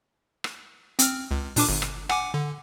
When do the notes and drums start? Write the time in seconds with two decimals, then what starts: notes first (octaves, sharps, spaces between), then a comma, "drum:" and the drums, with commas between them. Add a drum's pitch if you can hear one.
0.44 drum: rim click
0.99 C4 F6, drum: hi-hat
1.31 C#2
1.56 A#2 D4 D6, drum: open hi-hat
1.69 G1
1.82 drum: rim click
2.09 F#5 G#5 D6, drum: rim click
2.34 D3